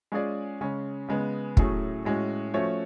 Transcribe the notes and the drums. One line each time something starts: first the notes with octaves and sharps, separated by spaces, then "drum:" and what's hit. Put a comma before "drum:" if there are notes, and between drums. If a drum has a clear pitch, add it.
G#3 C#4 F4 G#4 D5
C#3 G#3 C#4
C#3 G#3 B3
A2 F#3 A3 C#4 G#4, drum: kick
A2 G#3 C#4 F#4
F3 A3 C#4 F#4 C#5